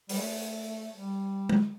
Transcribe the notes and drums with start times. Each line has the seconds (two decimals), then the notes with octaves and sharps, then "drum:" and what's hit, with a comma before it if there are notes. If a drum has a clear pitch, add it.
0.09 G3, drum: open hi-hat
0.18 A3
0.94 G3
1.49 drum: tom G#3